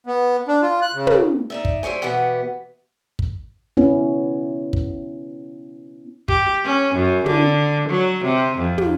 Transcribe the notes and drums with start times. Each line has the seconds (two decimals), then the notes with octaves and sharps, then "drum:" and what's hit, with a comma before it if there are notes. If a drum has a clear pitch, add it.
0.06 B3
0.48 D4
0.62 F4
0.82 F#6
0.94 C#3
1.07 drum: tom
1.50 D#4 D5 E5
1.65 drum: kick
1.83 G3 E4 C5 C#5 G#5
2.02 B2 E3 B3 G4 F#5
3.19 drum: kick
3.77 B3 C#4 E4
4.73 drum: kick
6.28 G4, drum: kick
6.64 C#4
6.95 F#2
7.26 D3, drum: tom
7.89 F#3
8.25 C3
8.59 F2
8.78 drum: tom